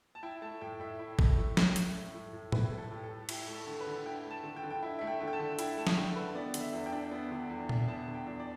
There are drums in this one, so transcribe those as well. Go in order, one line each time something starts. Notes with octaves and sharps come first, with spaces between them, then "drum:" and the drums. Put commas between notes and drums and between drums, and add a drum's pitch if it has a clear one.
A5
E4 G5
A3 A5
A2 G5
A2 E5
E4
A3, drum: kick
A2
A2, drum: snare
E4, drum: hi-hat
A3
A2
A2
E4 B4, drum: tom A2
A3
A4
A2 G4
A4
A2
E4 G4, drum: cymbal
A3
A4
D3
B4
D3
E4 G5
A3
A5
D3
G5
D3
G5
E4 E5
A3 E5
G5
D3
G5
A5
D3
E4 G5, drum: hi-hat
A3 A5
drum: snare
D3 G5
D3 B4
B3 D5
D3, drum: hi-hat
E5
E2
G5
D4
B3
D3
E2
D4, drum: tom A#2
B3 A5
D3
G5
E2
D5